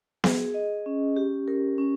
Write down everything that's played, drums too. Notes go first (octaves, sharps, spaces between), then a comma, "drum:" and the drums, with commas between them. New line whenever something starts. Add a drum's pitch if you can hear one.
G#4, drum: snare B3
D#5
C#4
G4
A#4
C#4